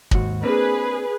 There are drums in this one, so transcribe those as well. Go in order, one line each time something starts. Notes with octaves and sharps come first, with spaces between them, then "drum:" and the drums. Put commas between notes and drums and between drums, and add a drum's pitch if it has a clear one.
D#2 G#2 F#4, drum: kick
A#3 C4 D4 G#4 B4